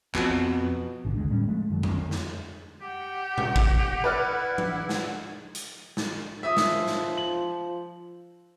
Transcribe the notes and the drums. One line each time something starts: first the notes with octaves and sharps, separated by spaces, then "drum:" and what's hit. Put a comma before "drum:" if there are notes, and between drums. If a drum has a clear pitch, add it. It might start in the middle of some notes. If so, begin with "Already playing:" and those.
F2 B2, drum: clap
G#1 D3
D#2 D3 G#3
A2 G3 C#4
F3 G#3 A3
F#2 D#3 F#3
drum: tom
drum: snare
G4 F#5
drum: tom B2
drum: kick
E4 B4 D5 F6
drum: tom F3
drum: snare
drum: hi-hat
drum: snare
F3 E5 D#6
drum: snare
drum: snare
F#7